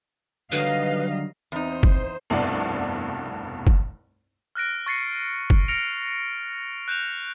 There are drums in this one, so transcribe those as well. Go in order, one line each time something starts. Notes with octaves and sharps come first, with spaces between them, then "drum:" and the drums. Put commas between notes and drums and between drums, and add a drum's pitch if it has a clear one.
D3 D#3 F#3 G3 B4 D#5 F5
E2 C4 D#4 C5
drum: kick G1
F1 C2 G2 B2 D5 F#5
drum: kick G1
F6 F#6 A#6 D7
C#6 F#6 A6 A#6 C7 C#7
drum: kick G1
F6 A#6 C#7 D7 F7
F#6 G6 E7 F7